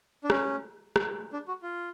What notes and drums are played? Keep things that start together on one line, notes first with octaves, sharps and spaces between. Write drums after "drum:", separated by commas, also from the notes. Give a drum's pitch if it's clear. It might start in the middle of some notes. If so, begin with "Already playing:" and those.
D4
C#4, drum: rim click
drum: rim click
D4
F#4
F4